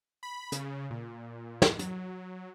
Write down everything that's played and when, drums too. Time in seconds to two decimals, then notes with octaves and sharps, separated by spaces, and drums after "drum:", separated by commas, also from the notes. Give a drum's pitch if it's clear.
0.23 B5
0.52 C#3, drum: hi-hat
0.90 A#2
1.62 drum: snare
1.79 F#3, drum: hi-hat